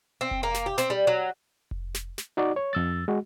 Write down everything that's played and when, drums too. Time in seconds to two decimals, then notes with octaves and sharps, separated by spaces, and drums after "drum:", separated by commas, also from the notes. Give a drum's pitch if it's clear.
0.21 C4
0.31 drum: kick F1
0.43 A#3
0.54 drum: snare
0.66 G4
0.78 C4, drum: snare
0.90 G3
1.07 F#3
1.71 drum: kick F1
1.95 drum: snare
2.18 drum: snare
2.37 D#4 F#4 D5
2.56 C#5
2.73 F2 E6 A6
3.08 G#3 F#4